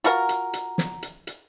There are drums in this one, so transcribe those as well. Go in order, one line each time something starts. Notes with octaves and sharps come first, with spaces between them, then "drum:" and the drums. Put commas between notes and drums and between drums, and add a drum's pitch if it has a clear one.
F4 F#4 A#4 A#5, drum: hi-hat
drum: hi-hat
drum: hi-hat
drum: snare
drum: hi-hat
drum: hi-hat